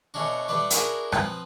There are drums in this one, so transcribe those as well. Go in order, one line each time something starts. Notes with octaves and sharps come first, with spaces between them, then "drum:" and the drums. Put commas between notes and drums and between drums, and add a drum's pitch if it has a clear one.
B2 A3 C#4 D4 F#4
G3 A3 D4 B4 D5
D4 E4 F#4 G#4 A#4 A#5, drum: hi-hat
F3 C4 B4 D#6, drum: rim click